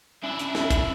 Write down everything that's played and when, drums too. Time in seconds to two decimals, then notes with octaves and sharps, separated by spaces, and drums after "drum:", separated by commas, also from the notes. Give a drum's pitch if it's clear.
0.24 C#4 D4 E4 E5 B5
0.39 drum: hi-hat
0.55 drum: snare
0.70 drum: kick, hi-hat